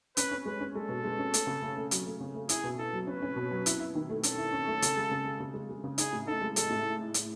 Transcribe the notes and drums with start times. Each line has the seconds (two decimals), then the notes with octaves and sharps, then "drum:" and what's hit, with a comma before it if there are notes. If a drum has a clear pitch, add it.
0.17 C#4 B4, drum: hi-hat
0.31 C#4
0.46 G#3 B4
0.60 C#4
0.75 G#3 A4
0.89 B2
1.04 G#3
1.19 C#4
1.34 A3, drum: hi-hat
1.47 C#3
1.62 A3
1.76 A3
1.91 F#3, drum: hi-hat
2.06 A3
2.21 C#3
2.35 A3
2.49 E4 G#4, drum: hi-hat
2.64 B2
2.78 E4 A4
2.93 F#3
3.07 C#4 B4
3.22 C#4
3.36 B2
3.51 F#3
3.66 E4, drum: hi-hat
3.80 E4
3.95 D#3
4.10 A3
4.23 C#4 A4, drum: hi-hat
4.38 E4
4.52 C#4
4.67 A3
4.82 C#3, drum: hi-hat
4.97 G#3
5.11 C#3
5.25 G#3
5.40 C#3
5.54 G#3
5.69 G#3
5.84 C#3
5.98 D#4 G#4, drum: hi-hat
6.13 A2
6.27 D#4 A4
6.41 G#3
6.56 G#3 A4, drum: hi-hat
6.70 A2
7.14 drum: hi-hat